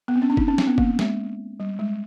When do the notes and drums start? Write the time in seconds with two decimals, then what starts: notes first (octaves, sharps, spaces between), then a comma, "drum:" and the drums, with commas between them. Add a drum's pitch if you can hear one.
0.08 B3
0.16 C4
0.22 C#4
0.30 D4
0.37 D#4, drum: kick F#1
0.48 C#4
0.58 C4, drum: snare
0.67 B3
0.78 A#3, drum: kick F#1
0.99 G#3, drum: snare
1.60 G3
1.79 G#3